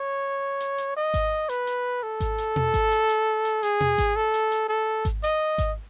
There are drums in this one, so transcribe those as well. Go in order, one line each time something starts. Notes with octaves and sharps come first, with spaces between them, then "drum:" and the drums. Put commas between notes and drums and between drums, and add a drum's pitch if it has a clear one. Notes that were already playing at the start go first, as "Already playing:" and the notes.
Already playing: C#5
drum: hi-hat
drum: hi-hat
D#5
drum: kick G#1, hi-hat
B4, drum: hi-hat
drum: hi-hat
A4
drum: kick G#1, hi-hat
drum: hi-hat
drum: tom B2
drum: kick G#1, hi-hat
drum: hi-hat
drum: hi-hat
drum: hi-hat
G#4, drum: hi-hat
drum: tom B2
drum: kick G#1, hi-hat
A4
drum: hi-hat
drum: hi-hat
A4
drum: kick G#1, hi-hat
D#5, drum: hi-hat
drum: kick G#1, hi-hat